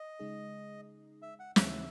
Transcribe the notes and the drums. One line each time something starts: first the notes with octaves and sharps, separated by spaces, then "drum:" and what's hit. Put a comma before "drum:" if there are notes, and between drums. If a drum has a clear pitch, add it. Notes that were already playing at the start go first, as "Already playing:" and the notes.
Already playing: D#5
C#3 G#3 D#4 G#4
E5
F#5
D#2 C#3 E3 C4 D#4 E5, drum: snare